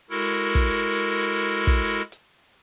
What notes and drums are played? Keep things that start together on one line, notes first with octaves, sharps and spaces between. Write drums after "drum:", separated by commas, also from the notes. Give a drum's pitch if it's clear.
G#3 E4 F#4 A4 A#4
drum: hi-hat
drum: kick
drum: hi-hat
drum: kick, hi-hat
drum: hi-hat